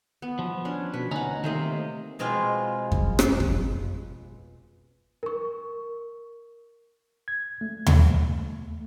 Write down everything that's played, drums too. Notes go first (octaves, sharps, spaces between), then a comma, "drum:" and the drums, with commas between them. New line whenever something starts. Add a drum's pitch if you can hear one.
B3
F3
C#4 D4
B2 B4
D2 C#4 D#4 F#5 A#5
C3 D#3 A3 A#3 C5 D#5
B2 G#3 C4 F4
drum: kick F2
drum: rim click
drum: kick F2
A#4 C#6
G#6
A3
drum: tom D#2